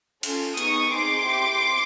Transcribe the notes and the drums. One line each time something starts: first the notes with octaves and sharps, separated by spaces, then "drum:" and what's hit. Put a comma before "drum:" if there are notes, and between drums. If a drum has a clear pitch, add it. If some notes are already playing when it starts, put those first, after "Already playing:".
C#4 F4 A4, drum: cymbal
B3 D#4 G#4 C#6 D#6, drum: hi-hat
C4 D#4 G#4 C6 D6
C4 E4 G4